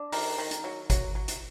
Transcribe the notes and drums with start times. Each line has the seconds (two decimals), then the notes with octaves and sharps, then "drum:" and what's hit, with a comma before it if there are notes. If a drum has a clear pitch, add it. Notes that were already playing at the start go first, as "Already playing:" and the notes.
Already playing: D4
0.12 D#3 A#4, drum: open hi-hat
0.38 D#3
0.51 drum: hi-hat
0.64 F#3
0.90 F#3, drum: kick G#1, hi-hat
1.15 F#3
1.28 drum: hi-hat